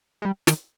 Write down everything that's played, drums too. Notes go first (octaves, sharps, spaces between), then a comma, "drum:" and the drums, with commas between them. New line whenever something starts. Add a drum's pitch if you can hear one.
G#3
G3
D#3, drum: snare